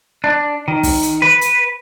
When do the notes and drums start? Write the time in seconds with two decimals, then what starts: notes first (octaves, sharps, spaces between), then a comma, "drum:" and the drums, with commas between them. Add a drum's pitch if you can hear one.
0.24 D4
0.68 D#3
0.83 drum: kick, open hi-hat
1.03 drum: hi-hat
1.22 B4
1.41 drum: hi-hat